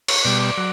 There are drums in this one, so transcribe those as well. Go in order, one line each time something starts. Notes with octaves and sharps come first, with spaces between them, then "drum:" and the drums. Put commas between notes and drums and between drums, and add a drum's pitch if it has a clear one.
C#5, drum: cymbal
B2 G3 D5
F#3